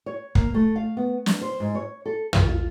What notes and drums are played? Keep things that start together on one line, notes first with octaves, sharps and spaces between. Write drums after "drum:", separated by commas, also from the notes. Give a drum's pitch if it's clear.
C#5
A#3, drum: kick
A3
F5
B3
D4, drum: snare
C5
G#2
C#5
A4
F4, drum: tom
F4